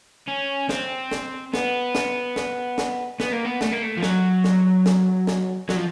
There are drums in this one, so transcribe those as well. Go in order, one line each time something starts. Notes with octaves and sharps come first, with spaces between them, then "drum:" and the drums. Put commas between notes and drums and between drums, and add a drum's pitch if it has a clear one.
C#4
C4, drum: snare
drum: snare
B3, drum: snare
drum: snare
drum: snare
drum: snare
B3, drum: snare
A#3
B3
A3, drum: snare
A#3
A3
F3
F#3, drum: snare
drum: snare
drum: snare
drum: snare
F#3, drum: snare
F3